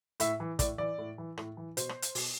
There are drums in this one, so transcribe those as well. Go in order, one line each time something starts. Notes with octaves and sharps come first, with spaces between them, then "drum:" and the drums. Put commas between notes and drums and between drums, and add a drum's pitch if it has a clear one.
A2 E5, drum: hi-hat
E3
A2 D5, drum: kick, hi-hat
E3 D5
A2
E3
A2, drum: rim click
E3
B2 C5, drum: hi-hat
drum: rim click
drum: hi-hat
B2, drum: open hi-hat